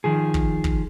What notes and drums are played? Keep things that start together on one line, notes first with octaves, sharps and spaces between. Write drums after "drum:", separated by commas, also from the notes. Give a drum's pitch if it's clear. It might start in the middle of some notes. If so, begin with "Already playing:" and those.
D#3 F3 G#4
drum: kick
drum: kick